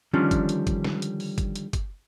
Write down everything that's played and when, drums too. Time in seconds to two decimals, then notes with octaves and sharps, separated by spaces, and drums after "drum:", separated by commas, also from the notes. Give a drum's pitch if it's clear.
0.13 D3 D#3 F3 G3 C#4 D4
0.31 drum: kick, hi-hat
0.49 drum: hi-hat
0.67 drum: kick, hi-hat
0.84 drum: snare
1.02 drum: hi-hat
1.20 drum: open hi-hat
1.38 drum: kick, hi-hat
1.56 drum: hi-hat
1.73 drum: kick, hi-hat